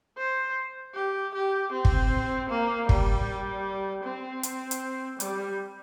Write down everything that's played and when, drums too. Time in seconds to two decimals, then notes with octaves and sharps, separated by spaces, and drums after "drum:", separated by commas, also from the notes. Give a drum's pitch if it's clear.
0.18 C5
0.95 G4
1.34 G4
1.73 C4
1.85 drum: kick
2.50 A#3
2.89 G3, drum: kick
4.04 C4
4.43 drum: hi-hat
4.71 drum: hi-hat
5.20 G3, drum: hi-hat